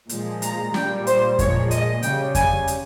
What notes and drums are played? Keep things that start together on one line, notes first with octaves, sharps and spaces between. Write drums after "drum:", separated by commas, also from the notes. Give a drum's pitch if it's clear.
A#2 F3 G#3, drum: hi-hat
A#5, drum: hi-hat
A#2 G3 G5, drum: snare
C5, drum: hi-hat
A#2 F3 G#3 C#5, drum: kick F2, hi-hat
D#5, drum: hi-hat
C#3 G3 G5, drum: hi-hat
G#5, drum: kick F2, hi-hat
drum: hi-hat